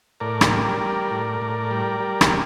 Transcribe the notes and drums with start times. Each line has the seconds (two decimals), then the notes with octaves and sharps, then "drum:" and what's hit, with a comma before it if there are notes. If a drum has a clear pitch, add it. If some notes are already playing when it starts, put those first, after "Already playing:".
0.20 A2 A#4 D5
0.41 drum: rim click
0.51 G3
0.81 G3
1.11 A2
1.42 A2
1.71 G3
2.00 G3
2.21 drum: rim click